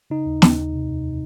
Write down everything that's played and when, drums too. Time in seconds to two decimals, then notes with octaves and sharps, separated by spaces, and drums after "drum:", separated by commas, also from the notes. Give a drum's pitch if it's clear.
0.10 C#3 D#4
0.27 D#2
0.42 D#2, drum: snare
0.57 D#2
0.73 C3
0.88 F2